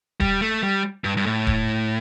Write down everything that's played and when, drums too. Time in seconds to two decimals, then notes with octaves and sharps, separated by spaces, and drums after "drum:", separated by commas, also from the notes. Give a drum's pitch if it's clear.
0.20 G3, drum: kick D#1
0.41 A3
0.63 G3
1.04 G2
1.17 G2
1.26 A2
1.47 drum: kick D#1